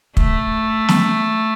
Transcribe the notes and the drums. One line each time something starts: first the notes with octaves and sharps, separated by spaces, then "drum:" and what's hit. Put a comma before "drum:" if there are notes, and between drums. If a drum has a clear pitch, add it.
A3, drum: kick
drum: snare